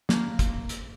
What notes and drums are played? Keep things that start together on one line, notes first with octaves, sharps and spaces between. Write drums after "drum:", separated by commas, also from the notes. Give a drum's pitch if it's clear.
A#3, drum: snare
drum: kick, hi-hat
drum: hi-hat